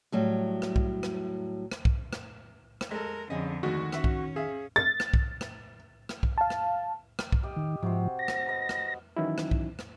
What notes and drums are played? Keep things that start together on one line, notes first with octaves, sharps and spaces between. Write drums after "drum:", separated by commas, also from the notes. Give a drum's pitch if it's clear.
A2 F#3 G3
drum: rim click
drum: kick B1
drum: rim click
drum: rim click
drum: kick B1
drum: rim click
drum: rim click
G#3 A4 A#4
F2 D3 C#4 G#4 D#5
D2 D#3 G#3 F#4
C#4 E5 F#5, drum: rim click
drum: kick B1
G#4 E5 F5
A6
drum: rim click
drum: kick B1
drum: rim click
drum: rim click
drum: kick B1
F5 A5
drum: rim click
drum: rim click
drum: kick B1
G4 D#5
D#3
G#2 C3 F3 F#4 C5
A#6
drum: rim click
A4 B4 D#5
drum: rim click
D#3 E3 F#3 C#4 D#4 E4
drum: rim click
drum: kick B1
drum: rim click